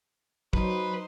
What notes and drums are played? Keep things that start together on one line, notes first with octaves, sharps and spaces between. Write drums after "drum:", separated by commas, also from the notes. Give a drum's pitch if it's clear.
F#3 D#4 B4 C5, drum: kick